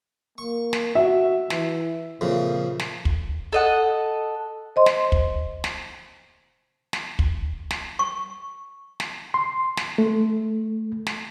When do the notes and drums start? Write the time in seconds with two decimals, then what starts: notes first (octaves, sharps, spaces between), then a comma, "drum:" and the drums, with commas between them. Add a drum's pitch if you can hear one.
0.38 A#3 C#6
0.73 drum: snare
0.95 F#4 E5
1.50 E3, drum: snare
2.21 F2 A#2 C#3
2.79 drum: snare
3.05 drum: kick
3.52 A4 D#5 F#5
4.76 C5 D#5 C6
4.86 drum: snare
5.12 drum: kick
5.64 drum: snare
6.93 drum: snare
7.19 drum: kick
7.71 drum: snare
7.99 C#6
9.00 drum: snare
9.34 C6
9.77 drum: snare
9.98 A3
11.06 drum: snare